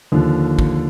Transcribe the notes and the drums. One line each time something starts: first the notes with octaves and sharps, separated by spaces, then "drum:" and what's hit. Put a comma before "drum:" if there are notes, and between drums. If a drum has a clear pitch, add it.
D#2 D3 F3
drum: kick